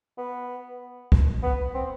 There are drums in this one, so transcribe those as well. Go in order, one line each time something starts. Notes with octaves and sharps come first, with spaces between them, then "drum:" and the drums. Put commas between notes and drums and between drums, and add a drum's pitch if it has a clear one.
B3
drum: kick
B3
C4